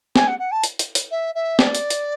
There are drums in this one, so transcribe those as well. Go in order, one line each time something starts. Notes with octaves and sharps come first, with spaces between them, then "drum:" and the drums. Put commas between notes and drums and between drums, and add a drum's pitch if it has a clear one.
G#5, drum: snare
F#5
F#5
A5
drum: hi-hat
drum: hi-hat
drum: hi-hat
E5
E5
D5, drum: snare
drum: hi-hat
drum: hi-hat